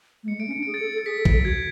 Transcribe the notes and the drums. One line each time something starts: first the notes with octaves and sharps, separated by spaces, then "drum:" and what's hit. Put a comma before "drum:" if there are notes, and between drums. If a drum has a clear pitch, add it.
A3
G#3 C#7
A3 D7
C#4
C#7
D4
G#4 D7
A6 C#7
A4
A4
A6
G#4 B6
A4
A6, drum: kick A#1
A4
F#4 G#6